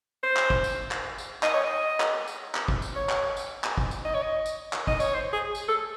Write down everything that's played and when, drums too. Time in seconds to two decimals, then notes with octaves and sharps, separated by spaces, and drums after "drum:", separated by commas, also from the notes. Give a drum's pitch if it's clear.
0.23 C5
0.37 drum: clap
0.50 drum: kick
0.64 drum: tambourine
0.91 drum: clap
1.18 drum: tambourine
1.43 D#5, drum: clap
1.54 C#5
1.64 D#5
2.00 drum: clap
2.27 drum: tambourine
2.55 drum: clap
2.68 drum: kick
2.82 drum: tambourine
2.96 C#5
3.09 drum: clap
3.37 drum: tambourine
3.64 drum: clap
3.78 drum: kick
3.91 drum: tambourine
4.05 D#5
4.14 C#5
4.22 D#5
4.46 drum: tambourine
4.73 drum: clap
4.87 D#5, drum: kick
5.00 C#5, drum: tambourine
5.14 C5
5.33 G#4
5.55 drum: tambourine
5.68 A4